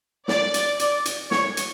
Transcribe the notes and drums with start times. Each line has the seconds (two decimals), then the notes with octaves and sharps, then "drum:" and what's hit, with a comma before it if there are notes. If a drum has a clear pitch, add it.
0.28 D5, drum: snare
0.54 drum: hi-hat
0.79 D5, drum: hi-hat
1.05 drum: hi-hat
1.31 C#5, drum: snare
1.57 drum: hi-hat